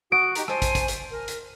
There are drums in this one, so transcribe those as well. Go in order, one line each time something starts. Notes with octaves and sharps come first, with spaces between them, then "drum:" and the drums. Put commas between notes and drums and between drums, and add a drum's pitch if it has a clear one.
F#4 D#6 D7
D#4 G4 A#5, drum: hi-hat
C5 G#5 A5, drum: rim click
drum: kick, hi-hat
drum: kick, hi-hat
drum: hi-hat
A#4
drum: hi-hat